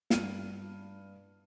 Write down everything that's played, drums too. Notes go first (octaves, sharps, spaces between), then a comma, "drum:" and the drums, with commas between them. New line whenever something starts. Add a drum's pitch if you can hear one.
G2 F6 D#7, drum: snare